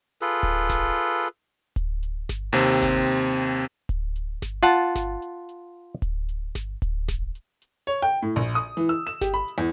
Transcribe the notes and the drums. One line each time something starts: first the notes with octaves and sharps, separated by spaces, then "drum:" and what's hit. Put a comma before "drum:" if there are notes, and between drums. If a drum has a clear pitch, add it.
F4 G#4 A4 B4
drum: kick D1, hi-hat
drum: snare G1
drum: hi-hat
drum: hi-hat
drum: kick D1, hi-hat
drum: hi-hat
drum: snare G1
D#2 C3 C4
drum: snare G1
drum: hi-hat
drum: hi-hat
drum: kick D1, hi-hat
drum: hi-hat
drum: snare G1
F4 F#5 A5
drum: snare G1
drum: hi-hat
drum: hi-hat
drum: kick D1, hi-hat
drum: hi-hat
drum: snare G1
drum: kick D1, hi-hat
drum: snare G1
drum: hi-hat
drum: hi-hat
C#5
G5
A2
A#1
D#6
E3
E6
E7
G4, drum: snare G1
B5
drum: hi-hat
E2